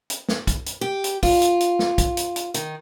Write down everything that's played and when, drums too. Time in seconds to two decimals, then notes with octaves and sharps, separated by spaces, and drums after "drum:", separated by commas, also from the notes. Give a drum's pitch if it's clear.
0.10 drum: hi-hat
0.29 drum: snare
0.47 drum: kick B1, hi-hat
0.66 drum: hi-hat
0.81 G4
1.04 drum: hi-hat
1.23 F4, drum: kick B1, open hi-hat
1.42 drum: hi-hat
1.60 drum: hi-hat
1.79 drum: snare
1.98 drum: kick B1, hi-hat
2.17 drum: hi-hat
2.36 drum: hi-hat
2.54 D#3, drum: hi-hat